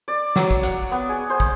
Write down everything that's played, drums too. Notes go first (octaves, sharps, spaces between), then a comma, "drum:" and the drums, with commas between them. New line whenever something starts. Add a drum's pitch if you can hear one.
D5
F#3, drum: snare
drum: kick
F#5, drum: hi-hat
B3
G#4
C5
drum: kick